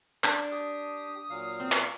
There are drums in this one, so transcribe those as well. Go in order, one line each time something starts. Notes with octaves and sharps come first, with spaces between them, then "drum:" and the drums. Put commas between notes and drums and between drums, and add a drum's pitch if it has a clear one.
D4, drum: clap
G4 D#6
A#2 F#3 F5
C4
drum: clap